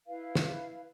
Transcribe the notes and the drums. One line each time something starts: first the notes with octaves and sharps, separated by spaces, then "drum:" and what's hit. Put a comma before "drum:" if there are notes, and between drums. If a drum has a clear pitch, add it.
E4 B4 F5
drum: snare